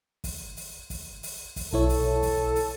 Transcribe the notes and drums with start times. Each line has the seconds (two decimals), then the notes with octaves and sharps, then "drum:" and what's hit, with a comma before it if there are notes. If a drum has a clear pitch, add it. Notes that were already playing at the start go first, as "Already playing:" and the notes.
0.24 drum: kick, open hi-hat
0.57 drum: open hi-hat
0.90 drum: kick, open hi-hat
1.23 drum: open hi-hat
1.56 drum: kick, open hi-hat
1.73 B1 E4 A4 C#5
1.89 drum: open hi-hat
2.23 drum: kick, open hi-hat
2.56 drum: open hi-hat